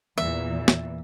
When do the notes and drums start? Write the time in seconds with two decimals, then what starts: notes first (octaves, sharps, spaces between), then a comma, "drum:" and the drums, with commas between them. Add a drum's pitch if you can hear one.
0.18 E2 A#2 E3 E5
0.68 drum: snare